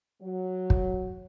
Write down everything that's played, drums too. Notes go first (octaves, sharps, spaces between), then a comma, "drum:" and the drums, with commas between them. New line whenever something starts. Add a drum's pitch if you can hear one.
F#3
drum: kick